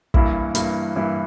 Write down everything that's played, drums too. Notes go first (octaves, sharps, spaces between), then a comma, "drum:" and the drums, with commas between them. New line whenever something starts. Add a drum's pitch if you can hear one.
G2 E3 A#3 E4, drum: kick
G2 E3 A#3 E4, drum: hi-hat
G2 E3 A#3 E4